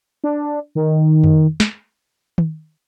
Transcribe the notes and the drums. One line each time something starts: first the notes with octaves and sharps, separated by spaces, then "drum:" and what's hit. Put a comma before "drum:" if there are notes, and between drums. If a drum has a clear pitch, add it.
D4
D#3
drum: tom F2
drum: snare
drum: tom D#3